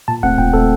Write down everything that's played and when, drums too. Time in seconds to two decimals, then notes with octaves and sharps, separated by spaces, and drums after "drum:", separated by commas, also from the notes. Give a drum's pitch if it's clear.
0.08 A#2 A5
0.23 A3 C4 F#5, drum: kick
0.38 A#2 G5, drum: kick
0.53 A3 C4 A4, drum: kick